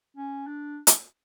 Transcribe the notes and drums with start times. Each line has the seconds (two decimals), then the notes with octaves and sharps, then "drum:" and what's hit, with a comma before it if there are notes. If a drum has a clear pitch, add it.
0.17 C#4
0.46 D4
0.87 drum: hi-hat